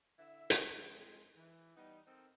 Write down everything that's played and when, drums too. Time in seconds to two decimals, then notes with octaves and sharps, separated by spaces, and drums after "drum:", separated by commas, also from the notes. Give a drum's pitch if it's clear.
0.19 D3 E4 E5
0.50 drum: hi-hat
0.74 G#3 B3 C#4 A4 B4
0.87 F2 G#3
1.36 E3
1.76 G3 B3 D#4
2.07 C4 D#4 A4 A#4 C5